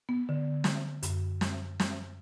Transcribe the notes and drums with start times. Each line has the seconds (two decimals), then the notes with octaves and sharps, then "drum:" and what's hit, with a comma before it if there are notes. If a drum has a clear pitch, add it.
0.09 B3
0.29 D3
0.64 drum: snare
1.03 F#2, drum: hi-hat
1.41 drum: snare
1.80 drum: snare